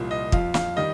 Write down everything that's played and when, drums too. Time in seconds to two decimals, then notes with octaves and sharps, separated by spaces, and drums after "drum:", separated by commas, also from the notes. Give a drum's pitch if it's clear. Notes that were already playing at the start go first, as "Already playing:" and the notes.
Already playing: C2 A#2 F3
0.11 D#5
0.32 F2 F3 F5, drum: kick
0.54 F5, drum: snare
0.76 D#3 G3 D#5